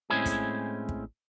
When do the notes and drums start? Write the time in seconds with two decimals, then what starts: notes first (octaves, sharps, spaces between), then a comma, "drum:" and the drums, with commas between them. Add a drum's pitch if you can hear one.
0.10 A2 G#3 C4 C#4 E4 G#4
0.26 drum: kick, hi-hat
0.89 drum: kick